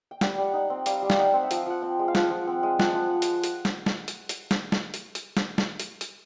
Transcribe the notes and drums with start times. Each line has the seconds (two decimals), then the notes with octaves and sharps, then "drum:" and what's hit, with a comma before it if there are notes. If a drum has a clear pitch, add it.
0.11 G5
0.21 G3 F#5, drum: snare
0.38 G3
0.54 D#4 F#5
0.70 C4
0.86 G3 F5, drum: hi-hat
1.02 G3
1.10 F5, drum: snare
1.18 D#4 F#5
1.34 C4
1.43 E5
1.51 F3, drum: hi-hat
1.56 F5
1.66 F3 F#5
1.82 C4 G5
1.99 G#3
2.08 F5
2.15 F3 F#5, drum: snare
2.30 F3
2.47 C4
2.63 G#3
2.80 F3 F#5, drum: snare
2.95 F3
3.22 drum: hi-hat
3.44 drum: hi-hat
3.65 drum: snare
3.86 drum: snare
4.08 drum: hi-hat
4.29 drum: hi-hat
4.51 drum: snare
4.72 drum: snare
4.94 drum: hi-hat
5.15 drum: hi-hat
5.37 drum: snare
5.58 drum: snare
5.80 drum: hi-hat
6.01 drum: hi-hat